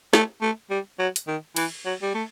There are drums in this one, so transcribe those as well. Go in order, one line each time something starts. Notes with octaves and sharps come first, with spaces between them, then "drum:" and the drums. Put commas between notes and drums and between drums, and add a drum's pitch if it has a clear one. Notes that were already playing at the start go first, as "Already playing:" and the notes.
A3, drum: snare
A3
G3
F#3
drum: hi-hat
D#3
E3, drum: cymbal
F#3
G3
A3